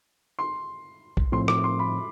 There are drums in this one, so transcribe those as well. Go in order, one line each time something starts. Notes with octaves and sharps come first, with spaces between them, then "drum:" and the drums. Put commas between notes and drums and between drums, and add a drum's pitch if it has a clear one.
C6
drum: kick B1
A2 F3 C4 C6
D6, drum: rim click
C6
B5